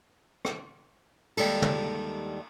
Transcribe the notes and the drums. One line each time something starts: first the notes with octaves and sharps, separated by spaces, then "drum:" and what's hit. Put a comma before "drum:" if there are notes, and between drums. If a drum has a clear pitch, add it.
drum: rim click
D#2 G#2 G3 G#3 A4, drum: cymbal
drum: tom